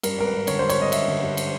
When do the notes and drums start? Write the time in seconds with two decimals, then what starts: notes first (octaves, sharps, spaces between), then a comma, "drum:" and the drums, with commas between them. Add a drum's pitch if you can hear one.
0.03 G2 A#4, drum: cymbal
0.18 G#1 A#4
0.25 B4
0.33 G#1
0.47 D3 C#5, drum: cymbal
0.59 C5
0.62 G2
0.70 C#5, drum: cymbal
0.77 G#1 D#5
0.92 G#1 E5, drum: cymbal
1.08 D3
1.23 G2
1.37 drum: cymbal